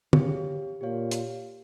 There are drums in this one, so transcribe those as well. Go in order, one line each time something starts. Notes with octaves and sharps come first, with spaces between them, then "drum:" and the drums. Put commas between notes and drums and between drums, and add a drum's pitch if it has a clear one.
C#3 G4 C#5 F5, drum: tom
A#2 G4 C#5 F5
drum: hi-hat